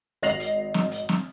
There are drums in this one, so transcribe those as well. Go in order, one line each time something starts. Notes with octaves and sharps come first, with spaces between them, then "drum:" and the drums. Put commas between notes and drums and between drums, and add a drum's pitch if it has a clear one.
G#1 D#5 A#6 C7 F7 F#7, drum: hi-hat
drum: hi-hat
drum: snare
drum: hi-hat
drum: snare